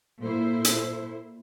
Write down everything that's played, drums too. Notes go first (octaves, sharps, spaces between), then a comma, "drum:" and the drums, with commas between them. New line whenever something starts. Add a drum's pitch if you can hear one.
A#2 E4 A4 C5
drum: hi-hat